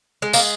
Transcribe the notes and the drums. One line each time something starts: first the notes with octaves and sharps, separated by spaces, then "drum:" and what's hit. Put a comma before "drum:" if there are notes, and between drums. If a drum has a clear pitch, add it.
G#3
G#3 A#3, drum: tambourine